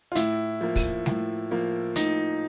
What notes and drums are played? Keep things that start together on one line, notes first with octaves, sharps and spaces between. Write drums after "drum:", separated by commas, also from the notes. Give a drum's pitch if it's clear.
F4
A2 E4, drum: hi-hat
F3 A#3
drum: kick, open hi-hat
A2, drum: snare G3
F3 A#3
A2 D#4, drum: hi-hat